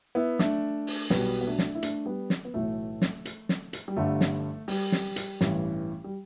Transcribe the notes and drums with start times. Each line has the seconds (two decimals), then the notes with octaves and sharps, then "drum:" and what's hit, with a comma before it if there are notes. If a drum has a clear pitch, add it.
0.15 B3 E4
0.39 A3 D4, drum: snare
0.87 drum: open hi-hat
1.10 B1 B2 G3 B3, drum: snare
1.41 B3
1.46 A3 D4
1.59 drum: snare
1.75 E4
1.83 A3 D4, drum: hi-hat
2.06 G3 B3
2.30 drum: snare
2.45 B3
2.54 B1 A2 E3 A3
3.02 drum: snare
3.25 drum: hi-hat
3.49 drum: snare
3.73 drum: hi-hat
3.88 G3
3.96 G1 G2 D3 A3
4.21 drum: snare
4.68 G3, drum: open hi-hat
4.92 drum: snare
5.16 drum: hi-hat
5.41 A1 G2 E3, drum: snare
6.04 G3